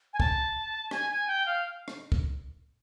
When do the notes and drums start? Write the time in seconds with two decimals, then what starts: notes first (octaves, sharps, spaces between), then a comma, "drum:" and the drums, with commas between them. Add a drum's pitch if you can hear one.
0.13 G#5
0.20 A5, drum: kick
0.91 G#5, drum: rim click
1.10 G#5
1.28 G5
1.46 F5
1.88 drum: rim click
2.12 drum: kick